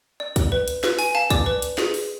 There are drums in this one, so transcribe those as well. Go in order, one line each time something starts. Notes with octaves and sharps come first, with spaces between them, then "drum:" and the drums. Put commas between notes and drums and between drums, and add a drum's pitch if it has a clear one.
D5
drum: kick, hi-hat
B4
drum: hi-hat
B4, drum: snare
G#5, drum: open hi-hat
F5 A5
D5 D6, drum: kick, hi-hat
B4
drum: hi-hat
G#4, drum: snare
drum: open hi-hat